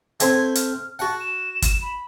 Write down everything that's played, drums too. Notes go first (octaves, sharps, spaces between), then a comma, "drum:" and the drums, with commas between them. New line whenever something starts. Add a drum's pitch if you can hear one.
A3 C4 C5 G#6, drum: hi-hat
F6, drum: hi-hat
F#4 F#5 A5
E7
drum: kick, hi-hat
B5